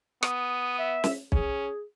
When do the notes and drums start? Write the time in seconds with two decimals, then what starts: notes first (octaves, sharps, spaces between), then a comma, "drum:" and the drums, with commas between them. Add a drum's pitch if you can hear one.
0.23 B3 D#6, drum: rim click
0.79 E5
1.04 drum: snare
1.32 C#4 G#4, drum: kick B1